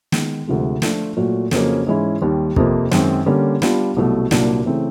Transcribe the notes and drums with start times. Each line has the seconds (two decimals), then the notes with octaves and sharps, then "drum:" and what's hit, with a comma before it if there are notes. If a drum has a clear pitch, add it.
0.12 D#3 G#3 B3, drum: snare
0.47 D2 C3 F3 G#3
0.82 F3 A3 D4 F4, drum: snare
1.17 A#2 F#3 A3
1.51 F2 C#3 F#3 A#3 C#4, drum: snare
1.87 G#2 E3 G#3 C#4 E4
2.22 D#2 D#3 G3
2.56 F2 C3 F3 A#3, drum: kick
2.91 F#2 D#3 G#3 C4, drum: snare
3.26 D3 G3 A#3 C#4
3.62 G3 B3 D4 F4, drum: snare
3.96 C2 B2 F#3 A3
4.31 C2 A#2 F#3 A#3 D4, drum: snare
4.66 C#3 E3 A3 C4